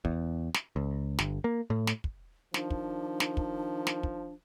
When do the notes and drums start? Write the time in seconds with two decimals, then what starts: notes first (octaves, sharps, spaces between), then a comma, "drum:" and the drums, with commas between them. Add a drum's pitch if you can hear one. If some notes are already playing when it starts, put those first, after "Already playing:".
0.05 E2, drum: kick
0.55 drum: snare
0.76 C#2
1.19 G1, drum: snare
1.44 A#3
1.70 A2
1.87 drum: snare
2.04 drum: kick
2.54 D#3 F3 D4, drum: snare
2.70 drum: kick
3.20 drum: snare
3.37 drum: kick
3.87 drum: snare
4.03 drum: kick